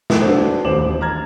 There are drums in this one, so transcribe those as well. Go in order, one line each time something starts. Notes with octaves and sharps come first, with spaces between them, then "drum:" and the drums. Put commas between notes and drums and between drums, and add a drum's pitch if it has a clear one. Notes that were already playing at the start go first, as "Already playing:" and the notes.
drum: snare
D4 F#4 A4 B4 C5
D#1 A1 C5 D6 E7 F#7
A#5 F6 G#6 A6